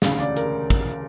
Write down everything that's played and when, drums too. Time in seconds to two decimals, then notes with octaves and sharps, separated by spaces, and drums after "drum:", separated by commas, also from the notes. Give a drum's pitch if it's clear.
0.02 E1 D2 C#3 F5, drum: snare
0.19 D5
0.37 A#4, drum: hi-hat
0.70 drum: kick, hi-hat